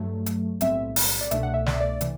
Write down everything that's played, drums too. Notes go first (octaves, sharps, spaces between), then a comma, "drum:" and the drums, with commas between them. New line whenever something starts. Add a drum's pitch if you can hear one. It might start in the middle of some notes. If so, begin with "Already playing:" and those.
Already playing: G2 F#3 A3
drum: hi-hat
B1 A2 G3 C4 E5, drum: hi-hat
drum: open hi-hat
D5
C2 B2 A3 D4 E5, drum: hi-hat
F#5
E5
D5, drum: snare
E5
D5
C3 E3, drum: hi-hat